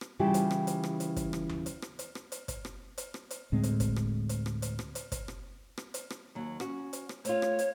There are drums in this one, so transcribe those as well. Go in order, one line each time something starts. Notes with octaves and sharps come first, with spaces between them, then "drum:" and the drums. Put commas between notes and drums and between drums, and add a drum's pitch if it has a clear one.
drum: rim click
C#3 E3 G3 E4 F4 G4
drum: hi-hat
drum: rim click
drum: hi-hat
drum: rim click
drum: hi-hat
drum: kick, hi-hat
drum: rim click
drum: tom D#2
drum: hi-hat
drum: rim click
drum: hi-hat
drum: rim click
drum: hi-hat
drum: kick, hi-hat
drum: rim click
drum: hi-hat
drum: rim click
drum: hi-hat
D2 A2 G#3 C4
drum: hi-hat
drum: kick, hi-hat
drum: rim click
drum: hi-hat
drum: rim click
drum: hi-hat
drum: rim click
drum: hi-hat
drum: kick, hi-hat
drum: rim click
drum: rim click
drum: hi-hat
drum: rim click
D#2 F#3
C#4 F#4, drum: rim click
drum: hi-hat
drum: rim click
A3 F4 C#5, drum: hi-hat
drum: rim click
drum: hi-hat